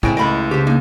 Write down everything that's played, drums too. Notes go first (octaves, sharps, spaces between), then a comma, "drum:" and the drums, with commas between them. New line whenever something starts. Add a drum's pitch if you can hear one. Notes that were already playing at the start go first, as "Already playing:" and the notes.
A2 C#3 G#3 C4 E4 G#5 D7, drum: kick
C#2 A3 D#5 F5 B5 D7
C#3 G4 C5
A#3 D#4